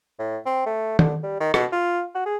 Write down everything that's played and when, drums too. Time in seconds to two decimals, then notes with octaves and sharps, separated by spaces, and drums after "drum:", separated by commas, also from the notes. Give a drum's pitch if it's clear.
0.19 A2
0.46 C4
0.66 A3
0.99 D3, drum: tom
1.23 G3
1.40 D#3
1.54 B2, drum: rim click
1.72 F4
2.15 F#4
2.26 G#4